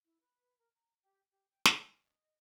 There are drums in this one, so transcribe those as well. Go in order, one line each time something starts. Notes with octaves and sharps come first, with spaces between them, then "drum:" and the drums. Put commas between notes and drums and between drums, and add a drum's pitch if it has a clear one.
E4
B4
A#4
A#5
G4
G4
G5
G#5, drum: snare
D#5